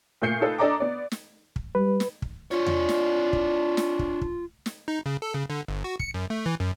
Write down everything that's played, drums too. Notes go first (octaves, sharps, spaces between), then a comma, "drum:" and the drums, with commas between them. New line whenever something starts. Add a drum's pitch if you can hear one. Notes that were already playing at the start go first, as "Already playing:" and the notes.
A#2 A3 G6 C7 C#7
D#4 F4 A4 B4
D4 A4 D5 D#5 A#5 D6
B3 D5
drum: snare
drum: kick
G3 B4
drum: snare
drum: kick
D4 F4 C#5
drum: tom E2
drum: snare
drum: kick
drum: snare
drum: kick
drum: kick
drum: snare
D#4
C#3
A4
C#3
D3
G1
F#4
C#7, drum: kick
F#2
A3
E3
F#2